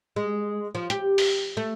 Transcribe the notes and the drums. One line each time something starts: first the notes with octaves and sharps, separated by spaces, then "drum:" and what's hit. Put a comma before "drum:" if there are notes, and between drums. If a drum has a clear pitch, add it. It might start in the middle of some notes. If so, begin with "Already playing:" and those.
G#3
F3
G4, drum: hi-hat
drum: open hi-hat
A3